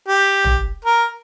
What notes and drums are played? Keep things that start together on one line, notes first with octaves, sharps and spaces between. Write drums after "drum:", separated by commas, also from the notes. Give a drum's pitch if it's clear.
G4
drum: tom
A#4